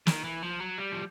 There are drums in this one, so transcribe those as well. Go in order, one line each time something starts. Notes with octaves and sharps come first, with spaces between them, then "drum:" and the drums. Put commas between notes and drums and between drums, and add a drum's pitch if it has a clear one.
D#3, drum: snare
E3
F3
F#3
G3
F3